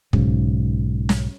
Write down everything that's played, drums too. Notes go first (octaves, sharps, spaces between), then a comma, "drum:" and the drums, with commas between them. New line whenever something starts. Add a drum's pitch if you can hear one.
B1 G#2 C#3, drum: kick
drum: snare